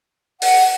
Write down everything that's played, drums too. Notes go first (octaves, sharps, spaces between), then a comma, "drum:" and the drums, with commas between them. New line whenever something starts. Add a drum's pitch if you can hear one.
F#5, drum: open hi-hat